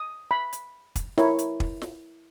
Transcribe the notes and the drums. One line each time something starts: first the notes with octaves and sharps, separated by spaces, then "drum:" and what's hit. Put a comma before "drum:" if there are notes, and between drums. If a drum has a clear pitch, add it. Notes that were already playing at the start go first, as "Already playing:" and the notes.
Already playing: D#6
B5
drum: hi-hat
drum: kick, hi-hat
E4 A#4 C#5, drum: snare
drum: hi-hat
drum: kick
drum: snare